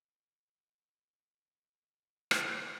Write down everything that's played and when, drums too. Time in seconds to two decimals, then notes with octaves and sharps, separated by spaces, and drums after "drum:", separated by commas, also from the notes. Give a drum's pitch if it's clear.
1.36 A#3
2.31 drum: rim click